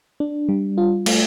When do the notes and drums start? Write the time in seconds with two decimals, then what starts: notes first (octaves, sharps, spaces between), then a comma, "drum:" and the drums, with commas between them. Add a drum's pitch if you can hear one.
0.20 D4
0.49 G3
0.78 F4
1.06 A3, drum: cymbal